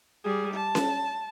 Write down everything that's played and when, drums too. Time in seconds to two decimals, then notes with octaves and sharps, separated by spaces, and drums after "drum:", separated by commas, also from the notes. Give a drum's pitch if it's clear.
0.24 G3 G#4
0.54 A5
0.75 drum: snare C#4